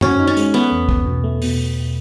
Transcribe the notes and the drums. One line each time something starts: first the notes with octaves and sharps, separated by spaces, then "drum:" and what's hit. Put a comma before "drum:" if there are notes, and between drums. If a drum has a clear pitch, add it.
C#4 F#4, drum: tom F#2
D#4
C#4
G#3, drum: hi-hat
A3 B3
E2
E2, drum: kick
B2
A3
B2, drum: open hi-hat